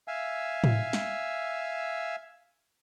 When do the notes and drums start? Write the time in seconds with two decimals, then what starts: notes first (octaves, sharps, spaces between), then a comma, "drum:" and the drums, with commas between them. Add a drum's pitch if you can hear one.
0.08 E5 F5 G#5 E6
0.64 drum: tom
0.93 drum: snare